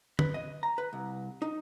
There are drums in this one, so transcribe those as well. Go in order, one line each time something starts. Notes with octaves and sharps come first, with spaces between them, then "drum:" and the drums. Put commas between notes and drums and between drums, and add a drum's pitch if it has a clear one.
B4, drum: tom
D#5
A#5
B4
C2
D#4